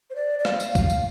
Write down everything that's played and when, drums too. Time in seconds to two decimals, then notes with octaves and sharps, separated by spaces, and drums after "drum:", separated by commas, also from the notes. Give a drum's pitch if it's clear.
0.10 C5
0.16 D5
0.39 D5
0.45 F5, drum: rim click
0.60 drum: tambourine
0.75 F5, drum: kick, tambourine
0.90 drum: tambourine